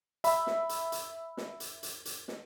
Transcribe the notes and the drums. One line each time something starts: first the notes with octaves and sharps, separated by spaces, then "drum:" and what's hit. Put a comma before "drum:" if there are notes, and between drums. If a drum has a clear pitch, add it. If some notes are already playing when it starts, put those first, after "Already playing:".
E5 B5, drum: hi-hat
drum: snare
drum: hi-hat
drum: hi-hat
drum: snare
drum: hi-hat
drum: hi-hat
drum: hi-hat
drum: snare